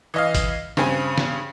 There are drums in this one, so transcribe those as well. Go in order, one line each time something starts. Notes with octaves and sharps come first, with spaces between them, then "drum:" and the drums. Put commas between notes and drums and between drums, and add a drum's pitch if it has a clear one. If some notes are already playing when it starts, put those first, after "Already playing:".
E3 D#5 F5
drum: kick G#1, hi-hat
G2 C#3 C4 G#5, drum: snare
drum: snare